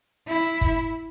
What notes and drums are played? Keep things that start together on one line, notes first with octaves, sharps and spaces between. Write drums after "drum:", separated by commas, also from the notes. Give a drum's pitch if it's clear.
E4
drum: kick F#1